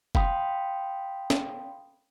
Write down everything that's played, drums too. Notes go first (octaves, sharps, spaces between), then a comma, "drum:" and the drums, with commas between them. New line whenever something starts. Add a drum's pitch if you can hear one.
F5 G5 B5 C6 D#6, drum: kick F1
drum: snare